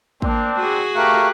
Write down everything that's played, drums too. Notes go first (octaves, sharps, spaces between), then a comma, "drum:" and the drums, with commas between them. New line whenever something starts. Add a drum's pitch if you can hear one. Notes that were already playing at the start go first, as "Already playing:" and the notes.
A#3 C4 D4, drum: kick
F#4 G#4
A3 G4 A#4 F5 C#6 F#6